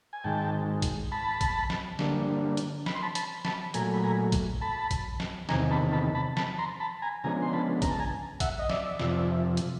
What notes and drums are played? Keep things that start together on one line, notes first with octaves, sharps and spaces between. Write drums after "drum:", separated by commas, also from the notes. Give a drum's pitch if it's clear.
G#5
G#2 D#3 G#3 G5 A5
drum: kick A#1, hi-hat
A5 B5
drum: kick A#1, hi-hat
drum: snare
D3 G3 A#3 D4, drum: snare
drum: hi-hat
B5, drum: snare
C6
A5 B5
A5 B5, drum: hi-hat
A5 B5, drum: snare
A#2 F#3 A3 G#5 A#5, drum: hi-hat
B5
G#5 A#5
drum: kick A#1, hi-hat
A5 B5
drum: kick A#1, hi-hat
drum: snare
E2 C3 D#3 G#5 A#5, drum: snare
A5 B5
A5 B5
A5 B5
A5 B5, drum: snare
A#5 C6
A5 B5
G#5 A#5
C#3 F3 G#3 B3 D4 G#5 A#5
C6
A5 B5
A#5, drum: kick A#1, hi-hat
A5
G#5 A#5
E5 F#5, drum: kick A#1, hi-hat
D#5
D5 E5, drum: snare
F2 C3 F3, drum: snare
drum: hi-hat